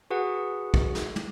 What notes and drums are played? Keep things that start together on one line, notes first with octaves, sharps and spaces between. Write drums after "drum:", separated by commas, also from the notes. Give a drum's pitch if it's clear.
F#4 G#4 B4 F#5
drum: kick
drum: snare
drum: tom